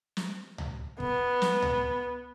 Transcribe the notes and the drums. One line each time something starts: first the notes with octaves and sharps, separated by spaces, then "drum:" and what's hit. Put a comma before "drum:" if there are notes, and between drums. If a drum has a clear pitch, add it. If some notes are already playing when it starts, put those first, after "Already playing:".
drum: snare
drum: tom C#2
B3, drum: kick
drum: snare
drum: tom C#2